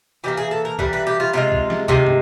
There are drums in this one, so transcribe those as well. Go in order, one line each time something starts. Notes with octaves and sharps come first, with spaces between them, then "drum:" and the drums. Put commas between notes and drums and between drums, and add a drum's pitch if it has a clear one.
E3 G3 A#3 G4
G#4
A4
A#4
E3 G3 A#3 B4, drum: kick B1
B4
G4
F4
C3 D#3 G#3 F4
drum: kick B1
drum: snare
C3 D#3 G#3, drum: kick B1
drum: tom